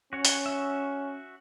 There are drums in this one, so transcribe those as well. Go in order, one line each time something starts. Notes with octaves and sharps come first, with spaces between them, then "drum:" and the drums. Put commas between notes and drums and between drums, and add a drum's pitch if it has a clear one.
C#4 F#4 C#5
drum: hi-hat
F#4 E5